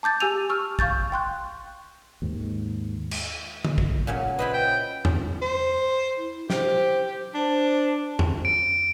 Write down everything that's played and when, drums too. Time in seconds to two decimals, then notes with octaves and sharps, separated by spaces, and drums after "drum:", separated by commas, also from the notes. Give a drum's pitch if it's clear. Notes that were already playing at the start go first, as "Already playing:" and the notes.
0.03 A5 D6 G6 A6
0.20 G4 G#5 E6 D#7 F7
0.49 C#6 E6 F6
0.79 F5 C#6 G6 A6, drum: kick
1.12 G5 C6 F#6
2.22 D#2 G#2
3.11 drum: cymbal
3.65 drum: tom
3.78 drum: kick
4.07 A#2 C#3 F#3
4.39 E4 B4 C5 D#5
4.53 G5
5.05 drum: tom E2
5.42 C5
6.18 E4
6.50 G4 C5, drum: snare
7.34 D4 C5
8.19 drum: tom E2
8.45 D7